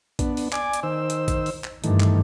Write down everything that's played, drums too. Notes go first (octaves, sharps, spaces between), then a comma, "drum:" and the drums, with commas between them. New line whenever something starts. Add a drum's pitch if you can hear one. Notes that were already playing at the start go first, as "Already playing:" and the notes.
B3 D4, drum: kick, hi-hat
drum: open hi-hat
D5 G#5 D6, drum: clap
drum: hi-hat
D#3 C5 E6
drum: hi-hat
drum: kick, hi-hat
drum: open hi-hat
drum: clap
G2 D#3 E3 A3, drum: hi-hat
drum: clap